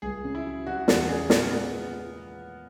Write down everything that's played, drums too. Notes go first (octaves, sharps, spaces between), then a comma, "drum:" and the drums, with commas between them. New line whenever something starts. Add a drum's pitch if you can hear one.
C#2 G#4
C#3
E4
F#3
C#3 F#4
E2 F#4, drum: snare
C#3 G#4
A#2 A#4, drum: snare
G#3 B3